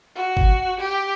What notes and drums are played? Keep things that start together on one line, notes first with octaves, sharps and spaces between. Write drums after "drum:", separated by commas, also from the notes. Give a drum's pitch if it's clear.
F#4
drum: kick G1
G4